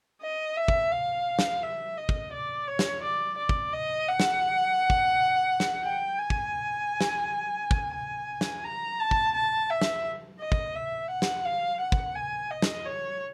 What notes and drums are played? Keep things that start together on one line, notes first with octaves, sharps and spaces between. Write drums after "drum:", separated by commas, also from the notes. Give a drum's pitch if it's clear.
D#5
E5
drum: kick
F5
drum: snare
E5
D#5
drum: kick
D5
C#5
drum: snare
D5
D5
drum: kick
D#5
F#5
drum: snare
drum: kick
drum: snare
G5
G#5
drum: kick
drum: snare
drum: kick
G#5
drum: snare
A#5
A5
drum: kick
A5
E5
drum: snare
D#5
drum: kick
E5
F#5
drum: snare
F5
F#5
drum: kick
G#5
D#5
drum: snare
C#5